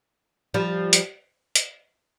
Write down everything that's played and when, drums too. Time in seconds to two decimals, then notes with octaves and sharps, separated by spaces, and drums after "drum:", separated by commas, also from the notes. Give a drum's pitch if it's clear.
0.54 F3 G3
0.93 drum: hi-hat
1.56 drum: hi-hat